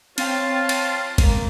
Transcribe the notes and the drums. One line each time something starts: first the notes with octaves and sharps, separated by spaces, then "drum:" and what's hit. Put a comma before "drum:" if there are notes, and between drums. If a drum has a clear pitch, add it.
C4 F4 C#5 F5 G5 A5 A6, drum: cymbal
drum: cymbal
G#3 A#3, drum: kick G#1, cymbal